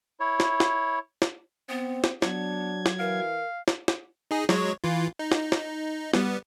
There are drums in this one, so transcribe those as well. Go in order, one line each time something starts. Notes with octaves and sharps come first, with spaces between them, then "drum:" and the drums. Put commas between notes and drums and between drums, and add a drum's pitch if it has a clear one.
E4 C#5
drum: snare
drum: snare
drum: snare
B3 C4
drum: snare
F#3 B3 D4 G#6, drum: snare
drum: snare
E3 A#4 F5
drum: snare
drum: snare
D#4 G#4
F#3 G#3 C#5, drum: snare
E3 F4
D#4
drum: snare
drum: snare
G3 B3, drum: snare